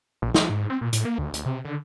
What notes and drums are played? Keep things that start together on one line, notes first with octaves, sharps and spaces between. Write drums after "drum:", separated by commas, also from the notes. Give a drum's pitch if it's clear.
A#1
F3, drum: snare
G#2
C4
A#2
A2, drum: hi-hat
A#3
D2
D2, drum: hi-hat
C3
D3